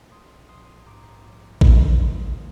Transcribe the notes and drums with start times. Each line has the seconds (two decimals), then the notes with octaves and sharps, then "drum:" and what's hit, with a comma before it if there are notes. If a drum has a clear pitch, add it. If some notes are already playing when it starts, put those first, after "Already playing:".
Already playing: A#2
0.11 A#1 C6 D#6
0.49 A#1 C6 D#6
0.86 G#2 A#5 D6
1.24 A#1
1.61 A#3 C6 D#6, drum: kick A1
1.99 G3
2.37 A#3